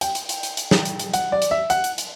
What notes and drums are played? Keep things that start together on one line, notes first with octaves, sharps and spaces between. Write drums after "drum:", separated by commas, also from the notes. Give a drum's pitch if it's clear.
G5, drum: hi-hat
drum: hi-hat
drum: hi-hat
drum: hi-hat
drum: hi-hat
drum: snare
drum: hi-hat
drum: hi-hat
F#5, drum: hi-hat
D5
drum: hi-hat
E5
F#5, drum: hi-hat
drum: hi-hat
drum: hi-hat